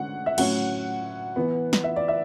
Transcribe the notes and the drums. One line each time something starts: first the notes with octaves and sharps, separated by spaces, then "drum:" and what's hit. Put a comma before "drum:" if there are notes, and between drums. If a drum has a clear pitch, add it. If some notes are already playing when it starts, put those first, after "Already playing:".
Already playing: D3 G#3 C#4 F#5
E5
A2 F#3 C#4 F#5, drum: cymbal
E3 B3
drum: snare
E5
D5
E5